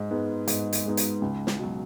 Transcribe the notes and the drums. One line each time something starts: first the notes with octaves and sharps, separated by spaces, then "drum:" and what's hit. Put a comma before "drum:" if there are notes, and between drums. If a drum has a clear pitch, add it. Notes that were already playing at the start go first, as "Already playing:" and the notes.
Already playing: G#2
G#3 B3 D#4
G#2, drum: hi-hat
drum: hi-hat
G#3 B3 D#4
drum: hi-hat
C#2
drum: snare
B2 F#3